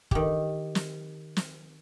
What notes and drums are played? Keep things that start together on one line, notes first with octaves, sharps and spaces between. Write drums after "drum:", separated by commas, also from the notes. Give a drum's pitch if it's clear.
D#3 G4, drum: kick
drum: snare
drum: snare